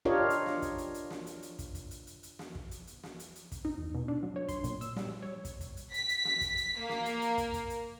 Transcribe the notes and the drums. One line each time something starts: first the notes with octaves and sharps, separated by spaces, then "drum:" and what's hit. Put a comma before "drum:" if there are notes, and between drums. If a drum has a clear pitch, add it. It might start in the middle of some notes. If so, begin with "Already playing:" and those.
D4 F4 G4 A#4 C#5 D#5
drum: hi-hat
drum: snare
drum: kick, hi-hat
drum: hi-hat
drum: hi-hat
drum: snare
drum: hi-hat
drum: hi-hat
drum: kick, hi-hat
drum: kick, hi-hat
drum: hi-hat
drum: hi-hat
drum: hi-hat
drum: snare
drum: kick
drum: hi-hat
drum: hi-hat
drum: snare
drum: hi-hat
drum: hi-hat
drum: kick, hi-hat
D#4
E2
B2
D4
F#3
C#5
C6, drum: kick, hi-hat
A#2, drum: hi-hat
E6, drum: hi-hat
G3, drum: snare
G3
C#5
drum: kick, hi-hat
drum: kick, hi-hat
drum: hi-hat
B6, drum: hi-hat
drum: hi-hat
drum: snare
drum: kick, hi-hat
drum: hi-hat
A#3
drum: snare
drum: hi-hat
drum: hi-hat
drum: kick, hi-hat
drum: kick, hi-hat
drum: hi-hat